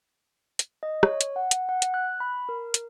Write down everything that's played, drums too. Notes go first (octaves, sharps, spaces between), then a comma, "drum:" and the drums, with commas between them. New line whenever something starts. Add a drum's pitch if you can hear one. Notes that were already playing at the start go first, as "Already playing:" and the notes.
drum: hi-hat
D#5
C#5, drum: rim click
drum: hi-hat
F#5
drum: hi-hat
F#5
drum: hi-hat
F#6
B5
A#4
drum: hi-hat